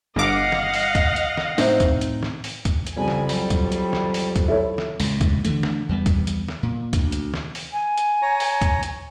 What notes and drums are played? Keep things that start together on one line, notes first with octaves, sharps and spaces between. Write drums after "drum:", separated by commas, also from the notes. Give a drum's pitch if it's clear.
G1 D#5 F5 F#5 D6
drum: snare
drum: open hi-hat
drum: kick C#2, hi-hat
drum: hi-hat
drum: snare
A2 C4 D#4, drum: open hi-hat
drum: kick C#2, hi-hat
drum: hi-hat
drum: snare
drum: open hi-hat
drum: kick C#2, hi-hat
drum: hi-hat
C2 F2 C#3 G#5 B5
drum: snare
F#3 G3, drum: open hi-hat
drum: kick C#2, hi-hat
drum: hi-hat
drum: snare
drum: open hi-hat
drum: kick C#2, hi-hat
E4 A4 C#5
drum: snare
C#2 A2, drum: open hi-hat
drum: kick C#2, hi-hat
D3 E3 A3, drum: hi-hat
drum: snare
E2 G3 B3
drum: kick C#2, hi-hat
drum: hi-hat
drum: snare
A#2
D2, drum: kick C#2, hi-hat
drum: hi-hat
drum: snare
drum: open hi-hat
G#5
drum: hi-hat
C#5 A#5
drum: open hi-hat
drum: kick C#2, hi-hat
drum: hi-hat